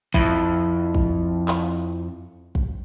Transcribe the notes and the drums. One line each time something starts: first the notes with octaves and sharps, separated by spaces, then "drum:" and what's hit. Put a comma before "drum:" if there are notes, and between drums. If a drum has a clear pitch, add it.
F2 E4, drum: kick
drum: kick
drum: clap
drum: kick